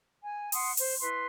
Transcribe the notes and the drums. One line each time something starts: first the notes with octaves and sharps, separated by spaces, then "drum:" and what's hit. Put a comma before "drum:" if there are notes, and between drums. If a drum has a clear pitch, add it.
G#5
F#5 C6 D#6, drum: open hi-hat
C5, drum: open hi-hat
E4 B4 C6